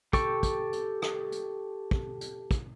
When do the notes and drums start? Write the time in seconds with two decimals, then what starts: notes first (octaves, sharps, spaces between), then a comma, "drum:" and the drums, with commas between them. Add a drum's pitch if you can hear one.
0.13 G4 A4 G5 C#6, drum: kick, hi-hat
0.43 drum: kick, hi-hat
0.73 drum: hi-hat
1.02 drum: rim click
1.32 drum: hi-hat
1.91 drum: kick
2.21 drum: hi-hat
2.51 drum: kick, hi-hat